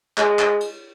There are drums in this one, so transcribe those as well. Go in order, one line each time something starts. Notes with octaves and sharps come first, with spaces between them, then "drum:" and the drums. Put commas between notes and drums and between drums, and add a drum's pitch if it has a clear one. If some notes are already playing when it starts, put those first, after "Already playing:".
G#3, drum: clap
drum: clap
drum: cymbal